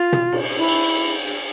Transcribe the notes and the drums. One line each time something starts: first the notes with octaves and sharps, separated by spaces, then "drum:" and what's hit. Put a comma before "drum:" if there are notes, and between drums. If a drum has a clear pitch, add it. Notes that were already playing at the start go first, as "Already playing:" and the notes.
Already playing: F4
drum: tom
drum: cymbal
E4
drum: cymbal
drum: hi-hat